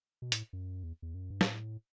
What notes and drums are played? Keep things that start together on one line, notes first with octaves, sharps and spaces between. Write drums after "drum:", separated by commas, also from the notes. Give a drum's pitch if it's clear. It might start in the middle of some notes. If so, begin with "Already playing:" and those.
B2
A2, drum: hi-hat
F#2
E2
E2
F#2
G2
B2, drum: snare
A2